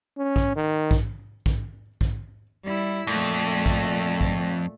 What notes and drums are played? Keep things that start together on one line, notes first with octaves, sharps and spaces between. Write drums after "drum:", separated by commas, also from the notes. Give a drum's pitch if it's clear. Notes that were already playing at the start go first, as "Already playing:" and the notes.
C#4
drum: kick A#1
D#3
drum: kick A#1
drum: kick A#1
drum: kick A#1
G3 E4
F2 A#2 A3
drum: kick A#1
drum: kick A#1